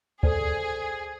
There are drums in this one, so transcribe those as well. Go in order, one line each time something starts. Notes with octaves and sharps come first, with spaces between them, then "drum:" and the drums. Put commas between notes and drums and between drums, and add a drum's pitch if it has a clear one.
G#4 A4 C5 D5, drum: kick C#2